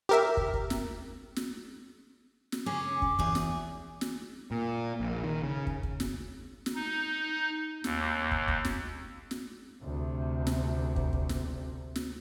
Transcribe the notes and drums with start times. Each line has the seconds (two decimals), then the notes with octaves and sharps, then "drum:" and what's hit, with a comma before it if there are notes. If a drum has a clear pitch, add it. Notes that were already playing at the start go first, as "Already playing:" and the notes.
0.09 G4 A#4 E5
0.37 drum: kick
0.54 drum: kick
0.70 drum: snare
1.36 drum: snare
2.52 drum: snare
2.66 C#3 C#4 G#4 D6
3.02 drum: kick
3.19 E2 G#4, drum: kick
3.35 drum: snare
4.01 drum: snare
4.51 A#2
5.00 A#1
5.24 D#3
5.44 C#3
5.67 drum: kick
5.83 drum: kick
6.00 drum: snare
6.66 drum: snare
6.75 D#4
7.84 D#2, drum: snare
8.31 drum: kick
8.48 drum: kick
8.65 drum: snare
9.31 drum: snare
9.83 D2 C3
10.47 drum: snare
10.96 drum: kick
11.13 drum: kick
11.29 drum: snare
11.96 drum: snare